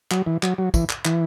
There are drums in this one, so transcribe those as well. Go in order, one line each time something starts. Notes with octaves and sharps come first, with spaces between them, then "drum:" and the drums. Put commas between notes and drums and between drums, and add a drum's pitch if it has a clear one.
F#3, drum: clap
E3
F#3, drum: clap
F#3
E3, drum: kick, tambourine
drum: clap
E3, drum: clap